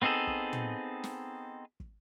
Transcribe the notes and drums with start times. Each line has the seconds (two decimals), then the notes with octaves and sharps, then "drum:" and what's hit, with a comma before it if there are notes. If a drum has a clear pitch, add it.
0.02 B3 C4 D#4 G#4 A4
0.27 drum: kick
0.53 drum: tom
1.04 drum: snare
1.80 drum: kick